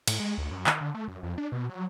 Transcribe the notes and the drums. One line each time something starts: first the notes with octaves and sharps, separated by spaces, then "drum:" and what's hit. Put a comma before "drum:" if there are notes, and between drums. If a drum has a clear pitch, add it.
A2, drum: cymbal
G#3
D2
F#2
D#3, drum: clap
D3
A3
F#2
F2
D4
B2
F#3